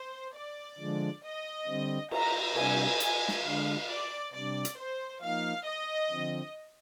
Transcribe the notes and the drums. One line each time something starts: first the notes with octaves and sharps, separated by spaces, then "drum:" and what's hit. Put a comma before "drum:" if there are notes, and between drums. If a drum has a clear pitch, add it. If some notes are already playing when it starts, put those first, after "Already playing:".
Already playing: C5
D5
D3 F3 G#3 D4
D#5
D3 G3 C4
A#5, drum: cymbal
C3 G3 D4 G#5, drum: cymbal
G#5, drum: hi-hat
drum: snare
D3 G#3 D4 F5
D5
C3 G3 D4 D5
drum: hi-hat
C5
F3 A#3 D#4 F5
D#5
D3 F3 C4